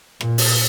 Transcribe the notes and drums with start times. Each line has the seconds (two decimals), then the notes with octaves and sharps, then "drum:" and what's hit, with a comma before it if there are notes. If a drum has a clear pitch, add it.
0.21 A#2, drum: rim click
0.38 drum: open hi-hat